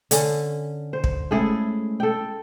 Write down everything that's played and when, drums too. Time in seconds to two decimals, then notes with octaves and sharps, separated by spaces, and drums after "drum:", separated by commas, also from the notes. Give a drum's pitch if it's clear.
0.11 D3 C#4, drum: hi-hat
0.93 C5
1.04 drum: kick
1.31 G#3 A3 C#4 E4 G#4 A4
2.00 A4 G5